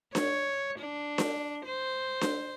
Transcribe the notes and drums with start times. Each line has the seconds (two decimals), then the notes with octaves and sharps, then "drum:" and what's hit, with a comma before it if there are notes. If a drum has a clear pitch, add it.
0.15 C#5, drum: snare D4
0.79 D4
1.18 drum: snare D4
1.66 C5
2.21 drum: snare D4